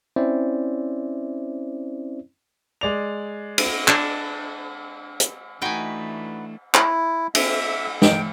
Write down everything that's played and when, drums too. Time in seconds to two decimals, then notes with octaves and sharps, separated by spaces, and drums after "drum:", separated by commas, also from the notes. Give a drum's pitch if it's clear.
0.16 C4 C#4 E4 C5 D5 E5
2.81 G#3 D5 F7
3.58 drum: cymbal
3.88 D4, drum: clap
5.20 drum: hi-hat
5.62 E3 A3 D4 D#4 F#4 B4 G5 G#5
6.74 E4, drum: clap
7.35 E5, drum: cymbal
8.02 G5, drum: snare